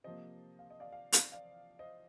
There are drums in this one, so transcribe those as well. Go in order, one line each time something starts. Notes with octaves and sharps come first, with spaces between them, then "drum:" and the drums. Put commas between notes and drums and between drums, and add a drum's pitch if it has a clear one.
C3 F3 A#3 C5 D#5
F5
D#5
D5 F5
F5
F5, drum: hi-hat
D5 F5
C5 D#5